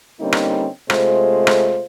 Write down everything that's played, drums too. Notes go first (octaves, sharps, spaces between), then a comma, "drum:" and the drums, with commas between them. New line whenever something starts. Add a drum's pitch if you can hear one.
D3 G3 A#3 C4 C#4 D#4
drum: rim click
C3 G#3 A3 F4 C5, drum: rim click
drum: rim click